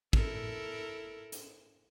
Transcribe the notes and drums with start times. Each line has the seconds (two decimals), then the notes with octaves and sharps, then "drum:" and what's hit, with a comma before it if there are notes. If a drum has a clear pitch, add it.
0.13 E4 A4 A#4, drum: kick
1.32 drum: hi-hat